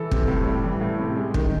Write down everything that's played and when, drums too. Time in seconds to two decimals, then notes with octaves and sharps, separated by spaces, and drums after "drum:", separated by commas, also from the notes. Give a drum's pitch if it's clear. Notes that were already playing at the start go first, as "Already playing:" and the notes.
Already playing: E3 A4
0.11 C3, drum: kick
0.28 A2
0.46 G3
0.64 E3
0.81 A2
0.99 C3
1.17 G#3
1.34 D#3, drum: kick